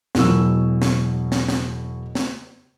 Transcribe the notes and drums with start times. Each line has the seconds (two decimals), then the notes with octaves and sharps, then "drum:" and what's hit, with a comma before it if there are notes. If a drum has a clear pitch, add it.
0.15 E1 B2 E3 F#3 E6, drum: snare
0.82 drum: snare
1.32 drum: snare
1.48 drum: snare
2.15 drum: snare